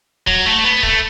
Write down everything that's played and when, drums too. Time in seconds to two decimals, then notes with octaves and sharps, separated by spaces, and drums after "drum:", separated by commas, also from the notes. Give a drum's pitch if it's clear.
0.27 F#3, drum: kick
0.46 A3
0.64 B3
0.83 A3, drum: kick